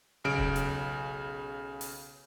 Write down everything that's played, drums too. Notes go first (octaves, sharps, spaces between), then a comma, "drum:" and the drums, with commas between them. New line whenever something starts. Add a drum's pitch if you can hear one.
B1 C#3 D7
drum: kick E1
drum: hi-hat
drum: open hi-hat